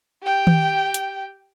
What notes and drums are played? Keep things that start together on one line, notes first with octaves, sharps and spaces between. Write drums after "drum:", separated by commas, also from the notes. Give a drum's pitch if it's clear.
G4 G5
drum: tom D#3
drum: hi-hat